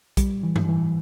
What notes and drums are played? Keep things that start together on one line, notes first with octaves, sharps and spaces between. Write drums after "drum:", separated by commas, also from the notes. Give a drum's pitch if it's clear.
G3, drum: kick, hi-hat
E3
drum: tom G2
E3